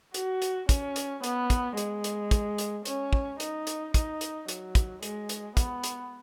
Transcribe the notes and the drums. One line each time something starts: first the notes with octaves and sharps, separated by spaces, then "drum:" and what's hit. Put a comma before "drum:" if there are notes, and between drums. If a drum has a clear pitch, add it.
F#4, drum: hi-hat
drum: hi-hat
C#4, drum: kick, hi-hat
drum: hi-hat
B3, drum: hi-hat
drum: kick, hi-hat
G#3, drum: hi-hat
drum: hi-hat
drum: kick, hi-hat
drum: hi-hat
C#4, drum: hi-hat
drum: kick
D#4, drum: hi-hat
drum: hi-hat
D#4, drum: kick, hi-hat
drum: hi-hat
F#3, drum: hi-hat
drum: kick, hi-hat
G#3, drum: hi-hat
drum: hi-hat
B3, drum: kick, hi-hat
drum: hi-hat